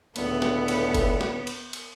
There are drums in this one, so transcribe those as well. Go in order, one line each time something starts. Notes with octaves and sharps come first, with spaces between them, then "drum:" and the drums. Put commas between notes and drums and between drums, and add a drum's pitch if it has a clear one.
C#2 A2 D3 B3, drum: cymbal
drum: snare
drum: cymbal
drum: kick F#1, cymbal
drum: snare
drum: cymbal
drum: cymbal